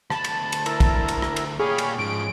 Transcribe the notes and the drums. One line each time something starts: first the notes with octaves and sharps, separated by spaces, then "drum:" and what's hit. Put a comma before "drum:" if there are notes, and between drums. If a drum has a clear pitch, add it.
D2 A5 B5, drum: rim click
drum: cymbal
drum: cymbal
E4 A#4, drum: cymbal
drum: kick, cymbal
drum: cymbal
drum: rim click
drum: cymbal
A#2 G4 G#4 C#5 F5 B5
drum: cymbal
G#2 F3 C#4 D7